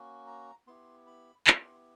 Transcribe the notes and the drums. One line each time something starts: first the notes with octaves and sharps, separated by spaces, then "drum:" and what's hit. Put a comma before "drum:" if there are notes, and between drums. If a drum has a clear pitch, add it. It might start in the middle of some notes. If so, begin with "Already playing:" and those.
Already playing: A#3 C#4 F#4
A#5
B3 E4 G4 C6
B5
B3 E4 G4 C6, drum: clap